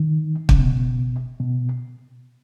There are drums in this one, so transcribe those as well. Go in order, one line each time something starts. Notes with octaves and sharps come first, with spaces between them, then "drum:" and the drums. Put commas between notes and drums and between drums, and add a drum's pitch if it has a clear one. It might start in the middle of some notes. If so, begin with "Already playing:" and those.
Already playing: D#3
C#3, drum: kick
B2
B2